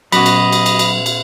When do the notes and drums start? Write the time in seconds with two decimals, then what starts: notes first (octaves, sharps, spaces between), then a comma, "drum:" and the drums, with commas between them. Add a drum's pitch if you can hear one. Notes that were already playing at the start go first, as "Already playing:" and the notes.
0.12 A#2 F#3 B3 C#4 F#4 D#5 B5, drum: cymbal
0.26 drum: cymbal
0.53 drum: cymbal
0.66 drum: cymbal
0.79 drum: cymbal
1.06 drum: cymbal